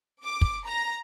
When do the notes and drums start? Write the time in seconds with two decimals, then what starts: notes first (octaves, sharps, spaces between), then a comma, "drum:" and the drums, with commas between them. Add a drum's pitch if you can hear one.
0.23 D6
0.41 drum: kick
0.65 A#5